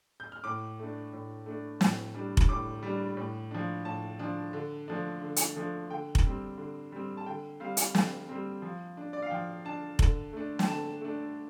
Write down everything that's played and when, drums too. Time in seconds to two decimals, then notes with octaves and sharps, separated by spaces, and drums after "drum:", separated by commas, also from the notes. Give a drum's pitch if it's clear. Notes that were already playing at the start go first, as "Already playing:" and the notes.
0.20 G6
0.32 F6
0.44 A2 D6
0.79 A3 D4
1.13 A2
1.46 A3 D4
1.81 A2, drum: snare
2.15 G3 D4
2.37 drum: kick F1
2.49 A2 D6
2.83 G3 D4
3.17 A2
3.51 F3 D4
3.85 A2 A5
4.19 F3 D4
4.53 D3
4.88 F3 A3 D4
5.21 D3
5.36 drum: hi-hat
5.56 F3 A3 D4
5.90 D3 G5
6.15 drum: kick F1
6.25 G3 C4
6.57 D3
6.92 G3 C4
7.17 A5
7.26 D3 G5
7.60 G3 C4 F5
7.77 drum: hi-hat
7.95 D3 G5, drum: snare
8.29 G3 C4
8.62 F3
8.97 D4
9.13 D5
9.22 F5
9.30 F3 G5
9.65 D4 A5
9.99 D3, drum: kick F1
10.33 A3 D4
10.59 G5, drum: snare
10.68 D3 A5
11.01 A3 D4